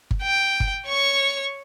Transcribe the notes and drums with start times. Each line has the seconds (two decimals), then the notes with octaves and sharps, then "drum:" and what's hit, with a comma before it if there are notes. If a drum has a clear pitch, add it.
0.11 drum: kick G1
0.23 G5
0.60 drum: kick G1
0.87 C#5 C#6